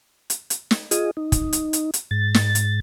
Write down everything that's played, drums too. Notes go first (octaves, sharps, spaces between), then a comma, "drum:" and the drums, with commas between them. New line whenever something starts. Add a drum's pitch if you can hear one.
drum: hi-hat
drum: hi-hat
drum: snare
F4 G#4 D#5, drum: hi-hat
D#4
drum: kick, hi-hat
drum: hi-hat
drum: hi-hat
drum: hi-hat
G#2 A6
drum: snare
drum: hi-hat